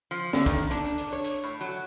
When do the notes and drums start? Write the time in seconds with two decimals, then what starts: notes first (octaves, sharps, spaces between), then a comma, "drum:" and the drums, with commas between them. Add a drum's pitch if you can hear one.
0.11 F3
0.33 D3, drum: snare
0.46 D#3, drum: kick, hi-hat
0.71 D4, drum: hi-hat
0.85 D4
0.98 drum: hi-hat
1.13 C#5
1.24 drum: hi-hat
1.44 A2
1.61 F#3